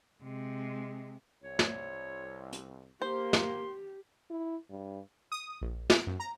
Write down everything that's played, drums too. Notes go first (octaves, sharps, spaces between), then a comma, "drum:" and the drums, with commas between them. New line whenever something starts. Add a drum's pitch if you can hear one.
C3 G#3
C2 C#5
drum: snare
drum: hi-hat
A#3 G4 C5 C6
drum: snare
E4
G2
D#6
A#1
D7, drum: snare
F#2
A#5